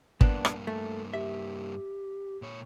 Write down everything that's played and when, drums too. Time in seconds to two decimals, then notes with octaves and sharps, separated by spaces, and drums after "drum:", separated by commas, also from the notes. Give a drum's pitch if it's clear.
0.21 G2 A#3 B3 D4, drum: kick
0.45 drum: rim click
0.67 A3
1.14 G4 E5
2.42 A#2 C#5